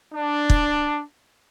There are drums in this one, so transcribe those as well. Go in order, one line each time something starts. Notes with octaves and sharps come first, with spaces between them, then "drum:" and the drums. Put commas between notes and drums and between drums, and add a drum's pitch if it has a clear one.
D4
drum: kick